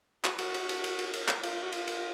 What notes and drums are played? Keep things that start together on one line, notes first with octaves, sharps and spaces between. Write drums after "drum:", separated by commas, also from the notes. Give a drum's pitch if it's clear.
F#4, drum: clap
F#4, drum: cymbal
drum: cymbal
drum: cymbal
drum: cymbal
drum: cymbal
drum: cymbal
drum: clap
F4, drum: cymbal
F#4
F4, drum: cymbal
drum: cymbal